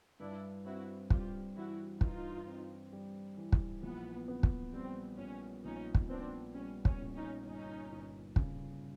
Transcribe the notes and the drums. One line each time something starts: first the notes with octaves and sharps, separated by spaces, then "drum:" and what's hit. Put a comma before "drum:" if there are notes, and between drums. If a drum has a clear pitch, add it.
G2 D4 E4
C4 E4 F#4
G3 F4 G4, drum: kick
E3 E4 F#4
G2 D#4 F4, drum: kick
C4
G3
E3
drum: kick
A#1 B3
B3
drum: kick
G3 C4
A#2 C#4
A#1 C#4 D#4
drum: kick
B3 C4 D4
G3 C#4
C#4, drum: kick
A#2
C#4 D#4
G1 C#4 D#4
G1
C#3, drum: kick